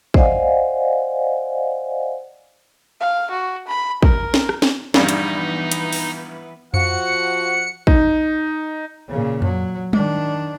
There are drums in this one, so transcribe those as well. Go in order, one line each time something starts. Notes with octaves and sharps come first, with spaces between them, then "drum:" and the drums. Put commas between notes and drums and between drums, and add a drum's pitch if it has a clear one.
C5 D5 D#5 F5 F#5 G#5, drum: kick
F5
F#4
B5
A#4, drum: kick
drum: snare
drum: rim click
drum: snare
A#1 G2 E3 B3 D#4 B4, drum: snare
drum: hi-hat
drum: hi-hat
drum: open hi-hat
F3 F#4 F#5 C#7, drum: tom F2
D#4, drum: kick
A#2 C#3
F#3, drum: tom F2
D#3 D4, drum: tom G3